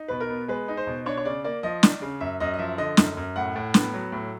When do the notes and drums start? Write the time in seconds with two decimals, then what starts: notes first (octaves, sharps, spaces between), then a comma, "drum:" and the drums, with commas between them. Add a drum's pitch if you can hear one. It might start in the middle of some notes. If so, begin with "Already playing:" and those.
Already playing: D#4
0.08 B2 B4
0.20 A#4
0.29 B3
0.48 G#3 B4
0.68 D#4
0.77 C5
0.87 B2
1.06 D4 C#5
1.17 C#5
1.25 C#3 D5
1.44 A#3 D5
1.63 F3 D#5
1.83 D4, drum: snare
2.02 C#3
2.20 F#2 E5
2.40 F#2 D#5
2.54 D#5
2.59 F3 E5
2.78 D3 D#5
2.97 F#2, drum: snare
3.17 F#2
3.36 A2 F#5
3.56 A2
3.74 B3, drum: snare
3.94 F#3
4.12 A2